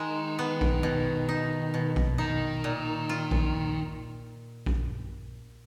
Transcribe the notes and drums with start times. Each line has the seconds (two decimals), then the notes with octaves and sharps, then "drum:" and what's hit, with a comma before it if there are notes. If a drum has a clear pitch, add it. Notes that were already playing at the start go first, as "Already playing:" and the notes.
Already playing: D#3 G#3
0.39 B3
0.61 drum: kick A#1
0.83 B2
1.29 D#4
1.74 B2
1.96 drum: kick A#1
2.18 D#3 D#4
2.64 A#2
3.09 F4
3.31 drum: kick A#1
4.66 drum: kick A#1